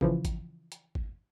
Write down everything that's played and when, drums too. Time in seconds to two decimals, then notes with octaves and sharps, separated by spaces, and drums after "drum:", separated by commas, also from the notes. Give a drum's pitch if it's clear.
0.01 C#3 E3 F3, drum: kick G#1
0.25 drum: kick G#1, hi-hat
0.72 drum: hi-hat
0.95 drum: kick G#1